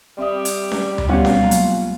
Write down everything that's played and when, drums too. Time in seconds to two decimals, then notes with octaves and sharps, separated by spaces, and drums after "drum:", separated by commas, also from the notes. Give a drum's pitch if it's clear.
0.18 G3 C4 E5 D#6
0.45 drum: hi-hat
0.72 drum: snare C#4
0.98 drum: tom D2
1.09 B2 G3 C4 C#4 F4 G4 F#5
1.25 drum: snare C#4
1.42 F#3 G#3 A#3
1.51 drum: hi-hat